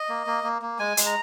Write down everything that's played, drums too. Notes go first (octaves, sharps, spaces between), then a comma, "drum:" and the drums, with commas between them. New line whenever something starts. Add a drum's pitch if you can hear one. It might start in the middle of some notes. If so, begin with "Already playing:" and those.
Already playing: D#5
A#3
A#3
A#3
A#3
G#3 G#5
G#3, drum: hi-hat
A#5